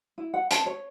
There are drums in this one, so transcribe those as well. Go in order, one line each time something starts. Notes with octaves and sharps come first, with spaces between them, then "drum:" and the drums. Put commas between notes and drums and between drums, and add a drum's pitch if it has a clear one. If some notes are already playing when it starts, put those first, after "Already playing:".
E4
F#5
A5, drum: hi-hat
C#5